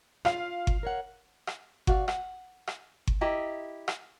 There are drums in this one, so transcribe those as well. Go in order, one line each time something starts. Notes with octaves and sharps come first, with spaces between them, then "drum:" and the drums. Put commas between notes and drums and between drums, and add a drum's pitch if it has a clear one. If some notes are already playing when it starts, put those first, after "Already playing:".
F4 F5, drum: rim click
drum: kick G1
A#4 C#5 F#5
drum: rim click
F#4 D5 F5, drum: kick G1
F#5, drum: rim click
drum: rim click
drum: kick G1
E4 G4 D#5 A#5
drum: rim click